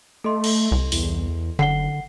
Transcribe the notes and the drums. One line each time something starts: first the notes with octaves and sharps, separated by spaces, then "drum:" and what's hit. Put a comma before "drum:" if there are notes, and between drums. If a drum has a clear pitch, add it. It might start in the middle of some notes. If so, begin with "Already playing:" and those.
A3 A4 D#5 C6
drum: cymbal
C2
E2, drum: open hi-hat
F#1 D3 F#5 C7 G7